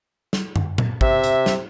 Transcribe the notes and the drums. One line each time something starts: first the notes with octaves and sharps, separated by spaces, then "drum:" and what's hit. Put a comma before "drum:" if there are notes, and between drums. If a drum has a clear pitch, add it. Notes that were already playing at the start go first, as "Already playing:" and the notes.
drum: snare
drum: tom
drum: tom A#2
C3 E5, drum: kick
drum: hi-hat
drum: snare